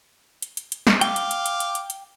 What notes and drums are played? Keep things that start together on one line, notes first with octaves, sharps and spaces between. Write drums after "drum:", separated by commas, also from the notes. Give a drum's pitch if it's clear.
drum: hi-hat
drum: hi-hat
drum: hi-hat
drum: snare
F5 G5 D6, drum: hi-hat
drum: hi-hat
drum: hi-hat
drum: hi-hat
drum: hi-hat
drum: hi-hat
drum: hi-hat